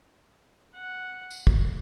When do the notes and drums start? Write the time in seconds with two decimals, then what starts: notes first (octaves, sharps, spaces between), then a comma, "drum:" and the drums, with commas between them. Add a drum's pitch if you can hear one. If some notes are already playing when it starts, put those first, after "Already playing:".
0.76 F#5
1.31 drum: tambourine
1.47 drum: kick